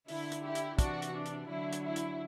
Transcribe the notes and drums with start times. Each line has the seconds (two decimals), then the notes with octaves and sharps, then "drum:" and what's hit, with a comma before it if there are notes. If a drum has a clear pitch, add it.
0.08 D3 E4, drum: open hi-hat
0.32 drum: hi-hat
0.44 E4 G4
0.55 drum: hi-hat
0.79 C3 E3 D4 F#4, drum: kick, hi-hat
1.02 drum: hi-hat
1.14 D4
1.26 drum: hi-hat
1.49 D3 F#3 E4
1.73 drum: hi-hat
1.85 E4
1.96 drum: hi-hat